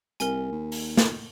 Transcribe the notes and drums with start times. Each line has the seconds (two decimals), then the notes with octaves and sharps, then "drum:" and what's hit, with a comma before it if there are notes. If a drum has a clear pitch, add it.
0.20 C2 A#4 G#5, drum: hi-hat
0.52 D#2
0.72 drum: open hi-hat
0.97 drum: snare